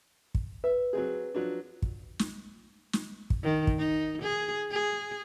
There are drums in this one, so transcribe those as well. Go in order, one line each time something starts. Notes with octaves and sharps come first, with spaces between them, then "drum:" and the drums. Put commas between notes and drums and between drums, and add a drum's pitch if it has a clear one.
drum: kick
B4 E5
F#3 C4 G#4
F3 F#3 D4
drum: kick
drum: snare
drum: snare
drum: kick
D#3
drum: kick
D#4
G#4
G#4